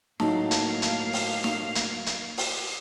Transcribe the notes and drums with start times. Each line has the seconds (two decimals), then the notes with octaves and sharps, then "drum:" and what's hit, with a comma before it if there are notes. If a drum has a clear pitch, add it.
0.20 A2 F#3 A3 A#3 D#4 F5 A5, drum: snare
0.51 drum: hi-hat
0.82 drum: hi-hat
1.13 drum: open hi-hat
1.44 drum: snare
1.75 drum: hi-hat
2.06 drum: hi-hat
2.37 drum: open hi-hat